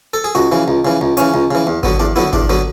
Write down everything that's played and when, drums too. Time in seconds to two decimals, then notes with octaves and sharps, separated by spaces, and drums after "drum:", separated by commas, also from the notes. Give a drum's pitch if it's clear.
0.14 A4
0.24 G#4
0.35 C#2 F#4
0.52 C#3 E3
0.68 C#2
0.85 C#3 E3
1.01 C#2
1.17 C#3 E3 C#4, drum: hi-hat
1.34 C#2
1.51 C#3 E3
1.67 E2
1.83 D3 F#3 B3, drum: kick G#1
1.99 E2 D4
2.16 D3 F#3 B3 E4
2.33 E2 D4, drum: kick G#1
2.49 D3 F#3 B3